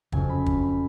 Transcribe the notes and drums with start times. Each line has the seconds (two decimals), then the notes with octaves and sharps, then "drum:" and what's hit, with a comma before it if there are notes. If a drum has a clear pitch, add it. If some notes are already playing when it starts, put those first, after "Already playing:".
0.12 F2 C#3 F#3 G#5, drum: kick
0.29 B5
0.46 drum: kick
0.63 B5